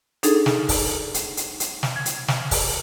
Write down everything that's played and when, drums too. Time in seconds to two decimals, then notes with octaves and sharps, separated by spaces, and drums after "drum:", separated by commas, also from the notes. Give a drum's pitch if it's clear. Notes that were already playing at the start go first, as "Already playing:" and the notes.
0.23 D4 D#4 G#4 A4, drum: hi-hat
0.46 drum: snare
0.69 drum: kick, open hi-hat
1.14 drum: hi-hat
1.37 drum: hi-hat
1.60 drum: hi-hat
1.83 drum: snare
1.96 G#6
2.06 drum: hi-hat
2.28 drum: snare
2.51 drum: kick, open hi-hat